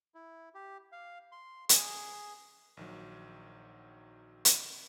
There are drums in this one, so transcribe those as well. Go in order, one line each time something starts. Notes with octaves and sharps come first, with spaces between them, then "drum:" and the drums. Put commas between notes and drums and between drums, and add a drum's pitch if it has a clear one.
E4
G4
F5
C6
G#4, drum: hi-hat
A#1 D#3 F#3
drum: hi-hat